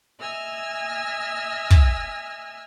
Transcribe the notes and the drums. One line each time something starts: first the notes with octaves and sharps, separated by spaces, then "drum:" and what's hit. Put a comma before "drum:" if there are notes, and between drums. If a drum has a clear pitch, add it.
D#5 E5 G#5 E6 F6
drum: kick